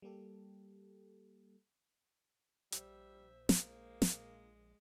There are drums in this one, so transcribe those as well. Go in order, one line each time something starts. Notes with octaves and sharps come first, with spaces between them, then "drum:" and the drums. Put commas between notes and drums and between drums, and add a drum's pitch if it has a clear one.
G3 A#3 G4 A4
A#1 G3 C5 E5, drum: hi-hat
G#3 A#3, drum: snare
drum: snare